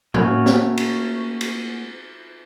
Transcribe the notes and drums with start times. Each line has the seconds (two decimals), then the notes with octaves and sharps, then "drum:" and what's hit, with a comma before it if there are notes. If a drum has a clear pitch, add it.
0.14 A3 A#3 C#4 F#4 C#5, drum: tom
0.46 drum: snare
0.77 drum: cymbal
1.41 drum: cymbal